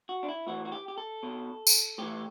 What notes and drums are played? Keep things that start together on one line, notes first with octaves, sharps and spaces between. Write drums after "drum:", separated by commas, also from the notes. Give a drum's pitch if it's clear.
F#4
D4
E4
A2 E3 F#4
F#4
G4
G4
A4
B2
drum: tambourine
A2 E3 G4